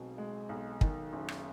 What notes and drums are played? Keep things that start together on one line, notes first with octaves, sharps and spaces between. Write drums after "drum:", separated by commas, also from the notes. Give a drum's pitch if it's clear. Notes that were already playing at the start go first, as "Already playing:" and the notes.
Already playing: B1 B2 G#3 C4
G#3
B1
D#3, drum: kick
F#1
drum: rim click